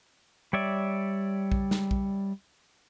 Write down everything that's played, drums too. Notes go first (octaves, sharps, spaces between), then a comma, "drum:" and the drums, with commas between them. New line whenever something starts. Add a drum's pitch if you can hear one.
G3 C#5 D5 E5
drum: kick A#1
drum: snare
drum: kick A#1